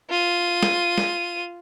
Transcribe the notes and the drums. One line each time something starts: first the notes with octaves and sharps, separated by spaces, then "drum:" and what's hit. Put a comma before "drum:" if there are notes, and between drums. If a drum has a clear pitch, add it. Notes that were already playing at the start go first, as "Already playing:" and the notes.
F4 D#7
drum: snare
drum: snare